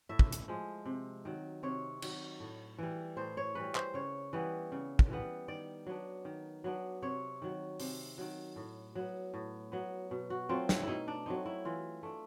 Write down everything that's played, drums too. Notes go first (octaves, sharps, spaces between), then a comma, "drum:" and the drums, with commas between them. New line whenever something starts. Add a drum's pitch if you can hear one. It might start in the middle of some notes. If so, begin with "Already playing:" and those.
A2 E5
drum: kick
drum: hi-hat
F3 G#3
C3
D#3 F#3
C3 C#5
D#3 F#3, drum: cymbal
A2
E3 G3
A2 C5
C#5
E3 G3 B4
C5, drum: clap
C#3 C#5
E3 G3 B3
C#3
drum: kick
E3 G3 B3
D#3 D5
F#3 B3 D4
D#3
F#3 B3 D4
C3 C#5
D#3 F#3
C3, drum: open hi-hat
D#3 F#3
A2
F#3 B3
A2
F#3 B3
B2
F#4
F#3 A3 C4 F4
E4, drum: snare
B2 D#4 E4
D4
F#3 A3 C4 D#4
E4
E3 F4
A3 D4